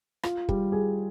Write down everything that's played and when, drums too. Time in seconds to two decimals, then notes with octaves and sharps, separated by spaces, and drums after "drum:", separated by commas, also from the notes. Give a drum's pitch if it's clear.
0.23 F4, drum: rim click
0.49 G3, drum: kick
0.72 G#4